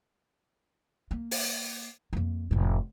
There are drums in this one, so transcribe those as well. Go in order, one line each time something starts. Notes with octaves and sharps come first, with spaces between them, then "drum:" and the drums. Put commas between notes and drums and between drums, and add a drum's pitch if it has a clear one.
A#3
drum: open hi-hat
F2 A#3
F1 A2